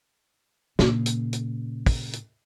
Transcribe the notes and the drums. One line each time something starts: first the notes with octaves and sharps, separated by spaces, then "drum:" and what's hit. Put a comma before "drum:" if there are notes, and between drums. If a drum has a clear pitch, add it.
A#2 C#3, drum: snare
drum: hi-hat
drum: hi-hat
drum: kick, open hi-hat
drum: hi-hat